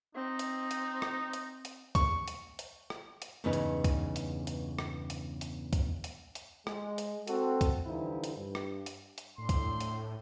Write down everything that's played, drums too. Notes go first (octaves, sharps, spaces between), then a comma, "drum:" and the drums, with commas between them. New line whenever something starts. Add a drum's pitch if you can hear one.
C4 D#4
drum: hi-hat
drum: hi-hat
drum: rim click
drum: hi-hat
drum: hi-hat
C#6, drum: kick, hi-hat
drum: hi-hat
drum: hi-hat
drum: rim click
drum: hi-hat
E2 G2 C#3 B3 D#4 B4
drum: hi-hat
drum: kick, hi-hat
drum: hi-hat
drum: hi-hat
drum: rim click
drum: hi-hat
drum: hi-hat
drum: kick, hi-hat
drum: hi-hat
drum: hi-hat
G#3, drum: rim click
drum: hi-hat
C4 F#4 A4, drum: hi-hat
drum: kick, hi-hat
D3 E3 F3 G3 D#4 E4
drum: hi-hat
G2
drum: rim click
drum: hi-hat
drum: hi-hat
A2 C4 D4 C6
drum: kick, hi-hat
drum: hi-hat